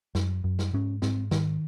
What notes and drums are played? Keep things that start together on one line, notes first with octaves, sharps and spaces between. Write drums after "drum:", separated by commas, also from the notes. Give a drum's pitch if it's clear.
F#2, drum: snare
F#2
drum: snare
G#2 C#4
G#2 C4, drum: snare
G#2 D#3, drum: snare